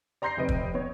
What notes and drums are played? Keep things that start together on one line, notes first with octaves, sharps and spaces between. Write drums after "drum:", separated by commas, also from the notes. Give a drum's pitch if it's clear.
D5 A#5 C6 G6 A#6 C7
F1 C3 B4 D#5 D7
drum: kick
B3 C#5